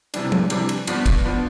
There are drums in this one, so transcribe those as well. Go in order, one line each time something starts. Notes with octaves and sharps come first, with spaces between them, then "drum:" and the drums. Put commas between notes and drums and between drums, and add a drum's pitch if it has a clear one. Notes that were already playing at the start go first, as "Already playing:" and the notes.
C3 E3 G3 D4, drum: cymbal
drum: tom
C3 E3 G3 D4, drum: cymbal
drum: cymbal
G2 F3 B3 D4, drum: cymbal
drum: kick, cymbal
F3 B3 D4